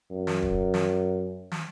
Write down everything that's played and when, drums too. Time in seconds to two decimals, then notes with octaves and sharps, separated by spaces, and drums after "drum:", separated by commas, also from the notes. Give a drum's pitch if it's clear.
0.11 F#2
0.27 drum: snare
0.43 drum: kick
0.74 drum: snare
1.52 drum: snare